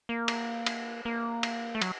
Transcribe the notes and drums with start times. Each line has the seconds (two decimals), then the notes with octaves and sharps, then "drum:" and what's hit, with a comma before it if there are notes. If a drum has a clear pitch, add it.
0.09 A#3
0.28 drum: cymbal
0.66 drum: cymbal
1.05 A#3
1.43 drum: cymbal
1.75 A3
1.82 F#3, drum: cymbal